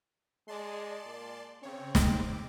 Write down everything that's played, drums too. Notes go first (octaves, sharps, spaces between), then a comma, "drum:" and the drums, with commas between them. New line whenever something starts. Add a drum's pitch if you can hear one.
G#3 D5 A5 C6
A#2
C#3 C4 C#5
D6, drum: snare